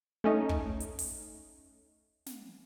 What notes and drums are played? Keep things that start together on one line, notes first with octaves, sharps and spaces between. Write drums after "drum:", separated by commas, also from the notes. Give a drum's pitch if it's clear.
A3 C#4 D#4
drum: kick
drum: hi-hat
drum: open hi-hat
drum: snare